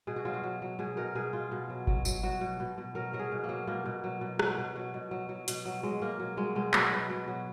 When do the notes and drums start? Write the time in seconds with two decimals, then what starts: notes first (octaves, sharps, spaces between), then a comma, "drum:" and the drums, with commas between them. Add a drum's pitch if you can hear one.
0.07 B2 G#4
0.16 F#4
0.25 F#3 F4
0.34 F#4
0.44 F#3
0.62 F#3
0.79 B2 G#4
0.97 B2 A#4
1.15 B2 G#4
1.33 B2 F4
1.52 B2
1.70 F#3
1.87 F#3, drum: kick G1
2.05 F#3, drum: tambourine
2.23 F#3 F#4
2.41 B2
2.60 B2
2.78 B2
2.95 F#3 A#4
3.13 F#3 A#4
3.19 G#4
3.32 B2
3.44 A#3
3.49 F#3
3.67 B2 A#3
3.86 B2
4.04 F#3
4.21 B2
4.39 F#3, drum: rim click
4.57 B2
4.76 F#3
4.94 B2
5.11 F#3
5.29 F#3
5.48 B2, drum: hi-hat
5.65 F#3
5.83 F#3 G#3
6.01 B2 A#3
6.20 F#3
6.37 F#3 G#3
6.55 B2 G#3
6.73 F#3, drum: clap
6.91 B2 B3
7.10 B2
7.28 F#3